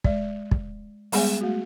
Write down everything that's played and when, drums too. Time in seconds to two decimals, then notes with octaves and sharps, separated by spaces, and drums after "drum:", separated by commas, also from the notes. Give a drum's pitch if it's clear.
0.04 G#3 D5, drum: kick
0.51 drum: kick
1.12 G3 G#3 B3 G#4 F#5 G#5, drum: open hi-hat
1.41 A3 F#4